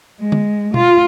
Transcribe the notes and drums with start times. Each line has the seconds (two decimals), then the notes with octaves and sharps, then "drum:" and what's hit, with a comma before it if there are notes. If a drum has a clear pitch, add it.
0.21 G#3
0.32 drum: tom D3
0.74 F4, drum: tom B2